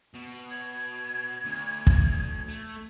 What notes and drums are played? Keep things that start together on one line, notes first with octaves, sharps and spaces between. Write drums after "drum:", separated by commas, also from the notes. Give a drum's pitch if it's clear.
B2
G#6
D2
drum: kick
A3